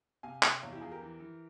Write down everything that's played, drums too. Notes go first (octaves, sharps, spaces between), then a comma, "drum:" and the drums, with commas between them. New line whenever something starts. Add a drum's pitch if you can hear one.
C3 F5 G#5
C3 E5 G5, drum: clap
E2 C#5 F5
E4 G4
E2 F4 G#4
G4 A#4
E3
E3